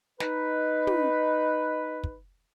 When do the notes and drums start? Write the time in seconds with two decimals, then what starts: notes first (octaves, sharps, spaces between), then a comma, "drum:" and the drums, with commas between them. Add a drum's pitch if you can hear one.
0.20 D#4 B4, drum: snare
0.87 drum: tom
2.04 drum: kick